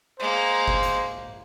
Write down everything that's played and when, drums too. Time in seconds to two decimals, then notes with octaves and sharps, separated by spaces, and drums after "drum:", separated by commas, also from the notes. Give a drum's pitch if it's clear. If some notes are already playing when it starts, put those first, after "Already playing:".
0.20 G#3 A#3 C5
0.68 drum: kick G1
0.83 drum: hi-hat